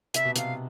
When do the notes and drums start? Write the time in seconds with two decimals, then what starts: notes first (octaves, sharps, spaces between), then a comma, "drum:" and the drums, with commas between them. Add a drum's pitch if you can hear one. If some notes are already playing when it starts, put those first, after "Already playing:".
0.14 C3 E5, drum: hi-hat
0.25 B2
0.36 C3 F5, drum: hi-hat